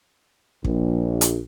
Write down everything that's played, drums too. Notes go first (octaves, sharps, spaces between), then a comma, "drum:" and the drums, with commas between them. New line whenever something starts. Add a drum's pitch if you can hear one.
A#1, drum: kick
drum: hi-hat